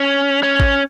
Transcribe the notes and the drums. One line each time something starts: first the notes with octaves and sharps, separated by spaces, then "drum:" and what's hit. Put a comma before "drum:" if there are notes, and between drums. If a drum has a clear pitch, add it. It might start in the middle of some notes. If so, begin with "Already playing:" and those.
Already playing: C#4
C#4
drum: kick A1